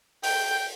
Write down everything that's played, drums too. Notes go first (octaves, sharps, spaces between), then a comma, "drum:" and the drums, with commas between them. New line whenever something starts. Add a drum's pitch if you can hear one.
G5, drum: open hi-hat